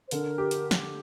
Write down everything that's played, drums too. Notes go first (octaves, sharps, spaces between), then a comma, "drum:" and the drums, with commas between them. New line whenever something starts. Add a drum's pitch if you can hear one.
C5
D3 A#4, drum: hi-hat
G4
drum: hi-hat
drum: snare